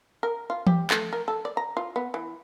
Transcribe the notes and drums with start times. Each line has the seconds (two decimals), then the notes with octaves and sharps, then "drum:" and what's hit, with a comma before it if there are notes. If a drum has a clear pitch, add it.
0.23 A#4
0.50 F4
0.67 G4, drum: tom E3
0.91 A3, drum: clap
1.13 A#4
1.28 A4
1.45 D5
1.57 A#5
1.77 F4
1.96 B3
2.14 E3